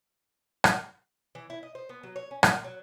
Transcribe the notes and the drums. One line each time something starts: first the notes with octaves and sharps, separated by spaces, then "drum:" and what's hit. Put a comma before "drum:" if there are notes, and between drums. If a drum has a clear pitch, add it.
drum: rim click
E3
E4
D#5
C5
B3
F#3
C#5
C#4
A#2, drum: rim click
F#3